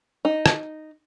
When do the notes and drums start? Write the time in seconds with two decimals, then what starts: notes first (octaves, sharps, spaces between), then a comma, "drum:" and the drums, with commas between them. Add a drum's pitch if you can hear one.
0.25 D#4
0.46 drum: rim click